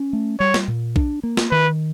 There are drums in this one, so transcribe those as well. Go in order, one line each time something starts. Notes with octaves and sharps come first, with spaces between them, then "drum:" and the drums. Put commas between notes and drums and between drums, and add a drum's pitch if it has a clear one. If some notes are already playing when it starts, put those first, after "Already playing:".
Already playing: C#4
A3
G3 C#5
drum: snare
A#2
D4, drum: kick
A#3
drum: snare
D#3 B4